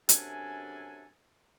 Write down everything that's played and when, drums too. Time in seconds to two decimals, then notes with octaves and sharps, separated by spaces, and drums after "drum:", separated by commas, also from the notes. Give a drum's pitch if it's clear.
0.09 F#2 C3 D4 A4 G#5, drum: hi-hat